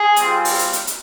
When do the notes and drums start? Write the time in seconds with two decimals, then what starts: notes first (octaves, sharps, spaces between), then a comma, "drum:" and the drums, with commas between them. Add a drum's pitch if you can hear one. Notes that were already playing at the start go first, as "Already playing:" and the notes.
Already playing: G#4
0.16 G3 C4 F4, drum: hi-hat
0.45 drum: open hi-hat
0.59 drum: hi-hat
0.73 drum: hi-hat
0.87 drum: hi-hat